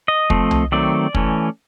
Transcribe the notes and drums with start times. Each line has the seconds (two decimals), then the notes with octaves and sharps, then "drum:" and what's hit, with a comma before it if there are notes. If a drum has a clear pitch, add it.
0.08 D#5
0.30 F3 A3 C4, drum: kick
0.51 drum: tom C2
0.72 D#3 F#3 A3 C4 D5
1.15 E3 A3 C#4, drum: kick